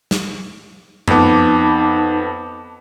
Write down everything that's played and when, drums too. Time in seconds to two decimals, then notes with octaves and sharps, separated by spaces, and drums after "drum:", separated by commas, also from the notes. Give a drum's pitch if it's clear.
0.11 drum: snare
1.08 F2 B3 D#4 A5 D6, drum: tom F#2